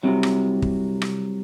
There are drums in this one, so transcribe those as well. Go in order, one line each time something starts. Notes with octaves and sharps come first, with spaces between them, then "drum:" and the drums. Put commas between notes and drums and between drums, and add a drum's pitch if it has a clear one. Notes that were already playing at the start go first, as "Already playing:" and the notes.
C2 C3 F#3
drum: rim click
drum: kick
drum: rim click